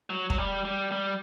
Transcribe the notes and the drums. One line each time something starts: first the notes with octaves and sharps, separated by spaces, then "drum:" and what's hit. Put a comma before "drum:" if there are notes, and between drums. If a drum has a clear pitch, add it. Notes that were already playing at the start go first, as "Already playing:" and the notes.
F#3
F#3, drum: kick
G3
G3
G3